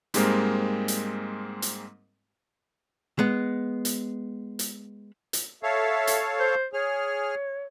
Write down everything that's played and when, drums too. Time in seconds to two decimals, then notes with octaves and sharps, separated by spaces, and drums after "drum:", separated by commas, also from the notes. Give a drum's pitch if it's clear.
0.14 G#2 G3 G#3 A#3 C4 A#4, drum: hi-hat
0.88 drum: hi-hat
1.62 drum: hi-hat
3.19 G#3 B3
3.85 drum: hi-hat
4.59 drum: hi-hat
5.33 drum: hi-hat
5.63 A4 C#5 E5 F5
6.07 drum: hi-hat
6.39 C5
6.73 G#4 C#5 F6